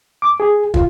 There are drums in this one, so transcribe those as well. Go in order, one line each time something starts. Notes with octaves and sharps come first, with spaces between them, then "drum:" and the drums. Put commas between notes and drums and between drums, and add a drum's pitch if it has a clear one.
D6
G#4
F4, drum: kick